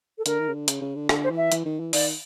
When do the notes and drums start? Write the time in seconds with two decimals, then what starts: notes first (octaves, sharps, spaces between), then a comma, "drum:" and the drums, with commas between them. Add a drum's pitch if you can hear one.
0.18 A4
0.26 D3 A#4, drum: hi-hat
0.40 D#3
0.48 C#3
0.54 D3
0.68 C#3, drum: hi-hat
0.81 C#3
0.95 D3
1.09 D3 A4, drum: rim click
1.24 C5
1.30 E3
1.37 E5
1.52 E3, drum: hi-hat
1.65 D#3
1.80 E3
1.93 D#3 D5, drum: open hi-hat